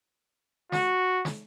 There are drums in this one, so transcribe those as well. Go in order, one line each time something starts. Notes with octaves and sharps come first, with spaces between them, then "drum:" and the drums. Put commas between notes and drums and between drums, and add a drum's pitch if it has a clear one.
F#4, drum: snare
drum: snare